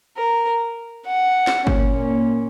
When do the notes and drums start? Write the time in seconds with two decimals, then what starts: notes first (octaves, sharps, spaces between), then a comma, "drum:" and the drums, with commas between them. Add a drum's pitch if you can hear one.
0.17 A#4
1.07 F#5
1.47 drum: snare
1.67 A#2 A#3 C#4, drum: kick G1